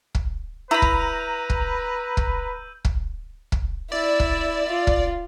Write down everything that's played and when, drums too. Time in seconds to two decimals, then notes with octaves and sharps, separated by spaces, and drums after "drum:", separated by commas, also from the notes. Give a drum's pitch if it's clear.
0.15 drum: kick
0.71 E4 B4 A#5 B5 E6 G6 D#7
0.82 drum: kick
1.50 drum: kick
2.17 drum: kick
2.85 drum: kick
3.52 drum: kick
3.92 E4 D5 E5
4.20 drum: kick
4.70 F4
4.87 drum: kick